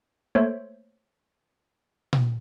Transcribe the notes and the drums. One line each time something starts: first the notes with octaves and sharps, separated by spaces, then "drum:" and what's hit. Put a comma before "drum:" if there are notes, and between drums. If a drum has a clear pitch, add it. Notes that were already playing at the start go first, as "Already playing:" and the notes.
A3 A#3 C5 C#5 E5
drum: tom A#2